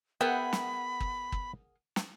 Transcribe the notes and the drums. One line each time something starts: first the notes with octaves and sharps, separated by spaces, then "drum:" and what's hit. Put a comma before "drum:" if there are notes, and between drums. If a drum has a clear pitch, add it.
B3 G#4 A#4 E5 F#5 G5 B5
drum: snare
drum: kick
drum: kick
drum: snare